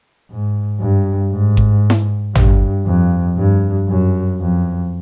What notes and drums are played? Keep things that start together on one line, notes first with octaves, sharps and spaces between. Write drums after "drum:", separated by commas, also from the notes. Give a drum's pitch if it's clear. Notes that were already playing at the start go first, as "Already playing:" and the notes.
G#2
G2
G#2
drum: kick G#1
drum: snare E4
G2, drum: tom G#1
F2
G2
F#2
F2